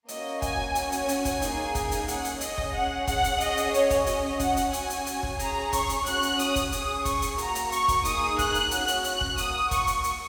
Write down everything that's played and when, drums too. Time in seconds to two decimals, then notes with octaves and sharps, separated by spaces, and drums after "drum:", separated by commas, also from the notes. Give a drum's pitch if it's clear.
0.08 A#3 C#4 F#4 D#5, drum: hi-hat
0.42 G#5, drum: kick, hi-hat
0.75 C#4 F#4 G#5, drum: hi-hat
0.92 drum: hi-hat
1.09 drum: hi-hat
1.25 drum: kick, hi-hat
1.42 A#3 D#4 G#4, drum: hi-hat
1.75 drum: kick, hi-hat
1.91 drum: hi-hat
2.08 C#4 G#4 F#5, drum: hi-hat
2.25 drum: hi-hat
2.41 D#5, drum: hi-hat
2.58 drum: kick
2.74 C#4 G#4 F#5
3.07 F#5, drum: kick, hi-hat
3.24 drum: hi-hat
3.40 C#4 G#4 D#5, drum: hi-hat
3.57 drum: hi-hat
3.74 C#5, drum: hi-hat
3.90 drum: kick, hi-hat
4.06 C#4 F#4 D#5, drum: hi-hat
4.40 F#5, drum: kick, hi-hat
4.57 drum: hi-hat
4.73 C#4 F#4 G#5, drum: hi-hat
4.90 drum: hi-hat
5.06 drum: hi-hat
5.23 drum: kick
5.39 C#4 G#4 A#5, drum: hi-hat
5.73 C#6, drum: kick, hi-hat
5.89 drum: hi-hat
6.06 C#4 F#4 F#6, drum: hi-hat
6.22 drum: hi-hat
6.39 D#6, drum: hi-hat
6.56 drum: kick, hi-hat
6.72 C#4 G#4 D#6, drum: hi-hat
7.05 C#6, drum: kick, hi-hat
7.22 drum: hi-hat
7.38 A#3 F#4 A#5, drum: hi-hat
7.55 drum: hi-hat
7.72 C#6, drum: hi-hat
7.88 drum: kick, hi-hat
8.05 A#3 D#4 G#4 D#6, drum: hi-hat
8.39 F#6, drum: kick, hi-hat
8.55 drum: hi-hat
8.71 C#4 F#4 F#6, drum: hi-hat
8.88 drum: hi-hat
9.04 F#6, drum: hi-hat
9.21 drum: kick
9.37 A#3 F#4 D#6, drum: hi-hat
9.71 C#6, drum: kick, hi-hat
9.87 drum: hi-hat
10.04 drum: hi-hat